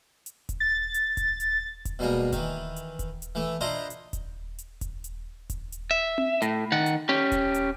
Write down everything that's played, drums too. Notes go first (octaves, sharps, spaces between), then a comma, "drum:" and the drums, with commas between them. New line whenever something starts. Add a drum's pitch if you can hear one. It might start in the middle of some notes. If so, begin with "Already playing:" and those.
drum: hi-hat
drum: kick D#1, hi-hat
A6
drum: hi-hat
drum: kick D#1, hi-hat
drum: hi-hat
drum: kick D#1, hi-hat
B2 G3 G#3 A#3
D#3 E3, drum: kick D#1, hi-hat
drum: hi-hat
drum: kick D#1, hi-hat
drum: hi-hat
E3 A3
D4 E4 F4 C5 D#5 A#5
drum: hi-hat
drum: kick D#1, hi-hat
drum: hi-hat
drum: kick D#1, hi-hat
drum: hi-hat
drum: kick D#1, hi-hat
drum: hi-hat
E5
drum: tom C4
A2, drum: hi-hat
D#3 F#5
drum: hi-hat
C#4 G4
drum: kick D#1, hi-hat
drum: hi-hat